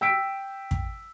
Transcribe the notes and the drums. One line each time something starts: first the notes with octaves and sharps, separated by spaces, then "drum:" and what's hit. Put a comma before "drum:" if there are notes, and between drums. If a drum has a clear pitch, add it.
G5 E6 B6 D7
drum: kick